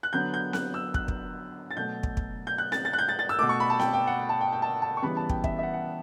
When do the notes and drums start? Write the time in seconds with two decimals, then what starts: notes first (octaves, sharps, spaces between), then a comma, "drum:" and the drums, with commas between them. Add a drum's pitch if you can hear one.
0.03 F#6
0.13 D3 F#3 B3 G6
0.34 G6
0.53 F#6, drum: snare C4
0.74 E6
0.94 F#6, drum: kick
1.08 drum: kick
1.71 A6
1.76 B2 F#3 A3 G6
2.03 drum: kick
2.17 drum: kick
2.47 G6
2.58 F#6
2.72 A6, drum: snare C4
2.85 A6
2.93 F#6
2.98 G6
3.09 A6
3.19 A6
3.29 E6
3.39 B2 A3 D6
3.49 C#6
3.60 B5
3.70 A5
3.80 G5, drum: snare C4
3.94 G5
4.07 F#5
4.29 A5
4.41 G5
4.53 G5
4.62 A5
4.82 A5
4.97 C#6
5.02 C#3 E3 G3 B3 B5
5.17 A5
5.29 G5, drum: kick
5.44 E5, drum: kick
5.59 E5
5.63 F#5
5.73 F#5